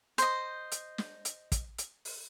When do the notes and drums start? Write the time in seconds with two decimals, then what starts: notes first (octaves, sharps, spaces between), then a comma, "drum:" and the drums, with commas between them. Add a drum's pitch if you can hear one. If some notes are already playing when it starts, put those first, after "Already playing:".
0.18 C5 D#5, drum: hi-hat
0.72 drum: hi-hat
0.98 drum: snare
1.25 drum: hi-hat
1.52 drum: kick, hi-hat
1.78 drum: hi-hat
2.05 drum: open hi-hat